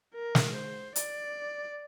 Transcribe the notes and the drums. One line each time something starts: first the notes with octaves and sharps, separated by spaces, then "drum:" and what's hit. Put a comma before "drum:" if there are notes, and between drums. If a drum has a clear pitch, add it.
A#4
drum: snare
C5
D5, drum: hi-hat